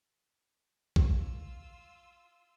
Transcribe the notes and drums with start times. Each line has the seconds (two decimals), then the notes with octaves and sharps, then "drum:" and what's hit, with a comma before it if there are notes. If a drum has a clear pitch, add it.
0.96 F4 E6, drum: kick A#1